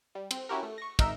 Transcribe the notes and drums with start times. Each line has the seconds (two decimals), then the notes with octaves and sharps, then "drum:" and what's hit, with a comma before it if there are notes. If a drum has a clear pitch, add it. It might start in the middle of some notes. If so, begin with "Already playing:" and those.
0.15 G3
0.31 C4, drum: cymbal
0.49 C#4 E4 F#4 G4 A#4
0.63 A3
0.78 C#6 A#6
0.99 G#1 D#4 A#4 E5 A#5 E6, drum: kick, cymbal